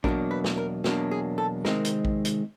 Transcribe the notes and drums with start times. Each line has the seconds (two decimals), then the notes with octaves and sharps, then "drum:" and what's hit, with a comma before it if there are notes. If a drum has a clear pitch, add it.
0.04 E2 B2 F#3 A#3 D4 A#4, drum: kick A#1
0.31 B4
0.44 drum: snare
0.58 A#4
0.84 E2 B2 F#3 A#3 D4, drum: snare
1.11 G#4
1.38 A4
1.65 C3 D#3 G#3 C4 A#4, drum: snare
1.85 drum: hi-hat
2.05 drum: kick A#1
2.25 drum: hi-hat